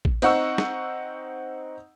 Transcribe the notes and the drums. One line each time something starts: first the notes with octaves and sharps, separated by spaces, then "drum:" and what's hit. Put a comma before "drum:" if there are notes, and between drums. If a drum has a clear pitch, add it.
drum: kick A1
C4 D#4 F#5 C#6 E6, drum: cymbal
drum: snare